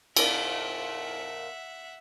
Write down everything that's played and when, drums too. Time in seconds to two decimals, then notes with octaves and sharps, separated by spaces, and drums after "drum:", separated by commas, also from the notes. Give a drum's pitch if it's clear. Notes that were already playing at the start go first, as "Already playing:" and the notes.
0.16 F2 A#2 E4 A#4 D5 E5 F#5, drum: cymbal